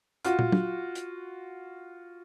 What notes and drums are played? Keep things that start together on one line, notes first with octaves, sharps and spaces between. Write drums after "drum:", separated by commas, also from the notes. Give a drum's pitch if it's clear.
F4 F#4, drum: hi-hat
drum: tom
drum: tom
drum: hi-hat